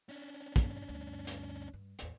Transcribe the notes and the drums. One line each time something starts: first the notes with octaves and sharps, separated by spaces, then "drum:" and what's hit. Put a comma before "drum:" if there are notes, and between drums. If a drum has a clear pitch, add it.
C#4 D4
drum: kick, hi-hat
D2 G2
drum: hi-hat
G2
A1 E2, drum: hi-hat